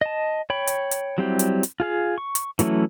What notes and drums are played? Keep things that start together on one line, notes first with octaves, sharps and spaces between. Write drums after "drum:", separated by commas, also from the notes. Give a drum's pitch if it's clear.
D#5 A5
C#5 G5 B5
drum: hi-hat
drum: hi-hat
F#3 G3 C4 E4 G4
drum: hi-hat
drum: hi-hat
F4 G#4 F5
C#6
drum: hi-hat
E3 F#3 A3 C#4 E4, drum: hi-hat